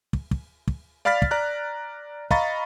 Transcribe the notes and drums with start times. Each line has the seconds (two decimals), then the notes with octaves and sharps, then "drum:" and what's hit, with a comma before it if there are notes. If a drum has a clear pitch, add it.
0.13 drum: kick
0.31 drum: kick
0.68 drum: kick
1.05 D5 F5 B5 F6 A6 B6
1.22 drum: kick
1.31 D5 A#5 F#6
2.31 D#5 F5 A#5 B5 C#6 A6, drum: kick